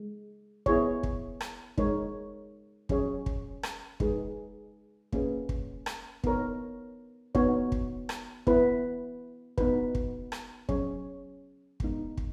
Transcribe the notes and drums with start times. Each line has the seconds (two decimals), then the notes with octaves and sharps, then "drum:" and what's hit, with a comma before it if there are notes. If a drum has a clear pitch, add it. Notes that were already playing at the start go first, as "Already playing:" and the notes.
Already playing: G#3
0.66 B3 E4 G#4 C#5, drum: kick
1.03 drum: kick
1.41 drum: rim click
1.78 G#3 D#4 A#4 C#5, drum: kick
2.89 F#3 C#4 G#4 C#5, drum: kick
3.26 drum: kick
3.63 drum: rim click
4.00 G#3 D#4 G#4 B4, drum: kick
5.12 A#3 C#4 G#4 B4, drum: kick
5.49 drum: kick
5.86 drum: rim click
6.24 B3 D#4 A#4 C#5, drum: kick
7.35 B3 D#4 F#4 C#5, drum: kick
7.72 drum: kick
8.09 drum: rim click
8.47 B3 E4 B4, drum: kick
9.58 B3 D#4 F#4 B4, drum: kick
9.95 drum: kick
10.32 drum: rim click
10.69 F#3 C#4 G#4 C#5, drum: kick
11.80 G#3 B3 D#4, drum: kick
12.17 drum: kick